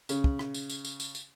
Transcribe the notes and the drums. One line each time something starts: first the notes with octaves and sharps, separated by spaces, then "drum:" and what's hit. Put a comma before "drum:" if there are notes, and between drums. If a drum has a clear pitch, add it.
C#3, drum: tambourine
drum: kick
drum: rim click
drum: tambourine
drum: tambourine
drum: tambourine
drum: tambourine
drum: tambourine